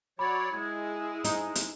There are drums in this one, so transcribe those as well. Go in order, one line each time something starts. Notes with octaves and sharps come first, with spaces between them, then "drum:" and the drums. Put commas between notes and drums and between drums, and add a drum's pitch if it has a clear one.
F#3 C#5 D5 B5
G#3 E4 G#4 G#6
D#4, drum: hi-hat
drum: hi-hat